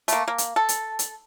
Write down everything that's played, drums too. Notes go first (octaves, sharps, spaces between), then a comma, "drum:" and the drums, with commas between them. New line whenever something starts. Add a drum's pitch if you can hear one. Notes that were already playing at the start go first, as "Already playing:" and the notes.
A3 A#3, drum: hi-hat
A#3
drum: hi-hat
A4
drum: hi-hat
drum: hi-hat